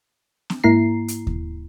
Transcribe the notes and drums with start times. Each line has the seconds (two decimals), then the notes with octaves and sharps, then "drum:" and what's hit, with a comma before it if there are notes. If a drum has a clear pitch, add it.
0.50 drum: snare
0.64 G#2 A#3 E4 A#5 C7
1.08 drum: hi-hat
1.27 drum: kick D#2